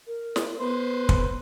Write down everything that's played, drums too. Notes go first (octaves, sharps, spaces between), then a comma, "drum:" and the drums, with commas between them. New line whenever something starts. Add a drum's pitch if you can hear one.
A#4
drum: snare
B3 B4 C5
drum: kick